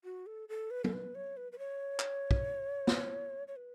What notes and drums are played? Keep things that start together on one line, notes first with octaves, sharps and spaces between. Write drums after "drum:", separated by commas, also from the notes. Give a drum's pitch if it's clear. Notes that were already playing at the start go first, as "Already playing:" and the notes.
F#4
A4
A4
B4
A4, drum: tom
B4
C#5
B4
B4
C#5
drum: clap
drum: kick
drum: snare
C#5
B4